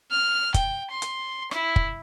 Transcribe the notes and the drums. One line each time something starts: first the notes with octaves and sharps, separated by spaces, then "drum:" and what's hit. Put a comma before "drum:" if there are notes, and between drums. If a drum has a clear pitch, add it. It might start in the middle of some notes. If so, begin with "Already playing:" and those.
F6
G5, drum: kick, hi-hat
C6
drum: hi-hat
E4, drum: rim click
drum: kick